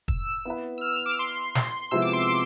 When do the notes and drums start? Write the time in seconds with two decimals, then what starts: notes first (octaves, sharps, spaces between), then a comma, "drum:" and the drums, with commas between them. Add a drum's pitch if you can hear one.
0.08 E6, drum: kick
0.45 B3 E4 B4
0.78 E6
0.81 F6
0.94 F6
1.06 D6
1.19 C6
1.55 drum: snare
1.91 C3 F3 G#3 B3 E4 E6
2.02 D6
2.13 C6
2.23 D6